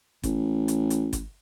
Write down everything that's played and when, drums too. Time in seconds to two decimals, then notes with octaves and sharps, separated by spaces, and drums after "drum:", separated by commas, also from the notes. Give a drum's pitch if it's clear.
0.23 A1, drum: kick G1, hi-hat
0.68 drum: hi-hat
0.90 drum: hi-hat
1.13 drum: kick G1, hi-hat